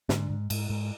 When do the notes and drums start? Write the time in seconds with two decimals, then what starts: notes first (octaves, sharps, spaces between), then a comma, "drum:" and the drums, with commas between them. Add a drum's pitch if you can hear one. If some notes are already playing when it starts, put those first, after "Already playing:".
0.09 G#2 D3, drum: snare
0.30 G#2
0.50 G#2, drum: cymbal
0.70 G#2